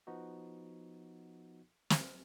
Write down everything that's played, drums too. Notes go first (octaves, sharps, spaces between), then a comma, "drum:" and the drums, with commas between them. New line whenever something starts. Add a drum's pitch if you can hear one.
F3 B3 D#4 F#4
drum: snare